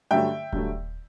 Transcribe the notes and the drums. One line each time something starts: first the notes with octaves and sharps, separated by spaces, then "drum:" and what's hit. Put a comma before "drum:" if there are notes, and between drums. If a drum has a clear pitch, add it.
G2 D3 F#3 A3 E5 G5
G2 D3 F#3 A3, drum: kick D#1